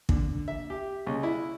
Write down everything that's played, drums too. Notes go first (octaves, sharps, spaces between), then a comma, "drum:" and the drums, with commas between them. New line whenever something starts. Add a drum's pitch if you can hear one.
D3, drum: kick
E5
G4
C#2
E4